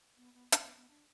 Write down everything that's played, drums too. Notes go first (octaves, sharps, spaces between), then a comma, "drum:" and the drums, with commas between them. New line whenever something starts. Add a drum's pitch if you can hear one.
B3
B3
drum: hi-hat
B3
B3
D4